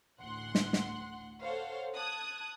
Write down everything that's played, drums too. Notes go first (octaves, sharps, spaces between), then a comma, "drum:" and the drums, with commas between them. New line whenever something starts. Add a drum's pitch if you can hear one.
A1 D2 F#5 C6 F#6
drum: snare
drum: snare
A4 C5 C#5 F5 F#5
A5 D#6 F#6 G#6